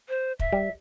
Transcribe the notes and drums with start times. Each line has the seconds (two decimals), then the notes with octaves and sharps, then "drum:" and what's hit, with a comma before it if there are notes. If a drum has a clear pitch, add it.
0.09 C5
0.40 E5, drum: kick
0.52 G3